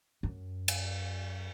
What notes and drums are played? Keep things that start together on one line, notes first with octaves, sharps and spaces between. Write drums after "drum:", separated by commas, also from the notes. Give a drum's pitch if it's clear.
F#2
drum: cymbal